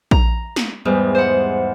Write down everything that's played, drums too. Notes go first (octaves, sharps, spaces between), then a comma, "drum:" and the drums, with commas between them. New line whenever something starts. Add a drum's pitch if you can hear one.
A#5, drum: kick A#1
drum: snare
E2 G#2 G3
C5 F#5